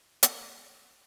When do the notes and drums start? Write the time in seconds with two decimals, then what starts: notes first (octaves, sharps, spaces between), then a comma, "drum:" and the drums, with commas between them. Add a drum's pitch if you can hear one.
0.23 A#3, drum: hi-hat